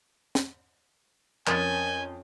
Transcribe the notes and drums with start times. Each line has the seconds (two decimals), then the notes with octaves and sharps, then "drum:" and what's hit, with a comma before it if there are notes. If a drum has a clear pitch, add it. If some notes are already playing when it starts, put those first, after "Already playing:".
0.35 drum: snare
1.47 F2 C#4 A#4 G#5 D#6 G6 A6, drum: clap